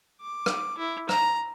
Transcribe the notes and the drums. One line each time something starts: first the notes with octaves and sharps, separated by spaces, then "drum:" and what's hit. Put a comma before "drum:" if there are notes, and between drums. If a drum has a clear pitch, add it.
D6
drum: rim click
E4
A#5, drum: rim click